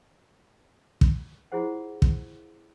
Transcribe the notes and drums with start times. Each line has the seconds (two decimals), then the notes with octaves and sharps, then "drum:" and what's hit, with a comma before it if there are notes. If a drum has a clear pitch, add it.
1.01 drum: kick
1.52 E4 F4 G#4 C5 F#5
2.02 drum: kick